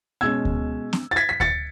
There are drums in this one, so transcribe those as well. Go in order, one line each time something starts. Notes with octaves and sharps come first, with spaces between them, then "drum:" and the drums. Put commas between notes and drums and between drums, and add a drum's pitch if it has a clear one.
B2 G#3 C#4 E6 G#6
drum: kick D2
drum: snare
A6
G#6 B6
B6
A6 C#7, drum: kick D2